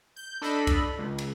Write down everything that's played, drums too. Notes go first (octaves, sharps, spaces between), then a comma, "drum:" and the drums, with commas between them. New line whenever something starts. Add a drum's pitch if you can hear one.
G6
D4 A4 D#5 B5
drum: kick C2, cymbal
C#2
drum: cymbal